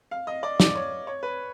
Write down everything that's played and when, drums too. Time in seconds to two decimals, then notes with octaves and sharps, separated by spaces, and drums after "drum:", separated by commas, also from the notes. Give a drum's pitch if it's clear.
0.11 F5
0.27 D#5
0.43 D5
0.60 D5, drum: snare
0.75 C#5
1.07 C#5
1.23 B4